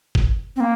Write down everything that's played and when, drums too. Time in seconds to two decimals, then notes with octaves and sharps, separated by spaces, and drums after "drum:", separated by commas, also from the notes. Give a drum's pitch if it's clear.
0.15 drum: kick G1
0.56 C4
0.60 A#3